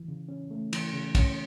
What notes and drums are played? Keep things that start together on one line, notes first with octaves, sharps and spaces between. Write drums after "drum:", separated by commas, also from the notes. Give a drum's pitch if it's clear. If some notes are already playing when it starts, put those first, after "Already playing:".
Already playing: E3
C#3
C#4
A3
E3, drum: cymbal
C#3
C#4, drum: kick, cymbal